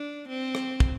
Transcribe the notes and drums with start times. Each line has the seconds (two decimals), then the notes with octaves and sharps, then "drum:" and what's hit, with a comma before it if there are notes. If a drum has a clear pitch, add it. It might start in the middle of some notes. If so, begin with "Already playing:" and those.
Already playing: D4
0.29 C4
0.55 drum: rim click
0.80 drum: kick